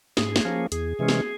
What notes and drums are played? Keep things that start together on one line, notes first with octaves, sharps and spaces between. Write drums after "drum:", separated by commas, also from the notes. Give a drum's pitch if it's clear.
G#2 G#4, drum: snare
drum: snare
F3 A#3 C#4
E2 G#4, drum: hi-hat
C3 E3 G#3 C#4
drum: snare